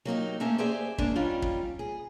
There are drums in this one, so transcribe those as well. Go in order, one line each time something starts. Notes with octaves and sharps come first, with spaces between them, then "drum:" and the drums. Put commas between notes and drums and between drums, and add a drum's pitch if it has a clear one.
F#3 A#3 D#4 G4
A3 A#3 C#4 G4 E5
G4 G#4 C5 D5 E5
D#2 G#3 A#3 D4 A#4, drum: kick
G3 C#4 D#4 F4 G4
drum: kick
G#4